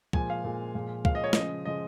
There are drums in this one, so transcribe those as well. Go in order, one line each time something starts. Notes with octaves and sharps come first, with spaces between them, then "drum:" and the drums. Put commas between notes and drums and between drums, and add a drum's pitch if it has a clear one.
A#2 F3 G#3 G#5, drum: kick
F5
A#2 F3 G#3
A#2 F3 G#3
A#2 F3 G#3 F5, drum: kick
D#5
C#5
C#3 F3 G#3 D#5, drum: snare
C#3 F3 G#3 D#5